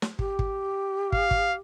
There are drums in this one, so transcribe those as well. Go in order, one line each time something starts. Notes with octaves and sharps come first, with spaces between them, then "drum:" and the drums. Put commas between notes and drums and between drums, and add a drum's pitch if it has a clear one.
drum: snare
G4, drum: kick
drum: kick
F5, drum: kick
drum: kick